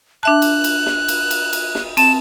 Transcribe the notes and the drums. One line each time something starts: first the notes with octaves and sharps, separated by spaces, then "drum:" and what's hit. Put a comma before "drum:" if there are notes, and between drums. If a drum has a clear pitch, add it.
D4 E5 A5 F#6
drum: cymbal
drum: cymbal
drum: snare
drum: cymbal
drum: cymbal
drum: cymbal
drum: snare
C4 A5 E7, drum: cymbal